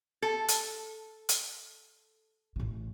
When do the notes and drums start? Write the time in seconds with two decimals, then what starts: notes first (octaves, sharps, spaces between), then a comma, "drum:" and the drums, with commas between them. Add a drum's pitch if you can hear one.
0.22 A4
0.49 drum: hi-hat
1.29 drum: hi-hat
2.56 A1 C#3